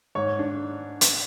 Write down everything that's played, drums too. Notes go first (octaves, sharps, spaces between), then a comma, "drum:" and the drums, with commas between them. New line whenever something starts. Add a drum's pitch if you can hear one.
G#2 C#5
D4
drum: hi-hat